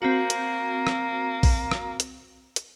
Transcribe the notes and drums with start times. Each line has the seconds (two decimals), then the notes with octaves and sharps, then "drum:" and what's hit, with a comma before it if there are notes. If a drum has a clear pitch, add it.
0.02 A#3 C4 F#4
0.30 drum: hi-hat
0.87 drum: rim click
1.43 drum: kick, open hi-hat
1.71 drum: rim click
2.00 drum: hi-hat
2.56 drum: hi-hat